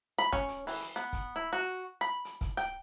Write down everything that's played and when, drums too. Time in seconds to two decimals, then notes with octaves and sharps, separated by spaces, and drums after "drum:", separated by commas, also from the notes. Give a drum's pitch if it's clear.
0.18 B5
0.33 C#4, drum: kick, hi-hat
0.49 drum: hi-hat
0.67 E3, drum: open hi-hat
0.81 drum: hi-hat
0.96 B3, drum: hi-hat
1.13 drum: kick, hi-hat
1.36 E4
1.53 F#4
2.01 B5
2.25 drum: hi-hat
2.41 drum: kick, hi-hat
2.57 G5, drum: hi-hat